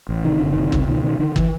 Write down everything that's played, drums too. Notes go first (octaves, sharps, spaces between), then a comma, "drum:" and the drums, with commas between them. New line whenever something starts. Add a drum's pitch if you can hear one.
A1
C3 D#3
F#1 D3
C3 D#3
C#2, drum: kick
B2 D#3
B2 D#3
D3 D#3
E3, drum: kick